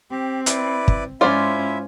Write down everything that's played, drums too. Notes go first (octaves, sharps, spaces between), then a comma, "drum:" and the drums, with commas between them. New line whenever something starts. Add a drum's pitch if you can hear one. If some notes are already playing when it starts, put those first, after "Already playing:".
C4 G4
E4 B4 D5, drum: hi-hat
drum: kick
G#2 C#4 E4 F4 C5 D5 E5